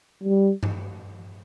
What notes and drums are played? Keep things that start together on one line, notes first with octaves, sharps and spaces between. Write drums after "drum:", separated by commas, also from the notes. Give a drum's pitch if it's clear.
G3
drum: tom G2